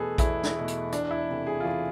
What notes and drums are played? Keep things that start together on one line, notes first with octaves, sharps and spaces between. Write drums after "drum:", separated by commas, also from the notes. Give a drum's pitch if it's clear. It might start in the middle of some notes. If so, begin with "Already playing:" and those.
Already playing: E2 B2 A3 G#4 A4 B4
E2 E4, drum: kick A#1, hi-hat
drum: snare
B2 A3
drum: hi-hat
E2 D4, drum: hi-hat
E4
C3 E3 A3
G#4
F4
E2 G#4